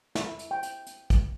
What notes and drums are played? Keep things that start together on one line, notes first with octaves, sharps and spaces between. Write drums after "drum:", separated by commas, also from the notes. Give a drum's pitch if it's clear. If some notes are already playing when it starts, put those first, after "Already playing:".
E4, drum: snare
drum: hi-hat
G5
drum: hi-hat
drum: hi-hat
drum: kick, hi-hat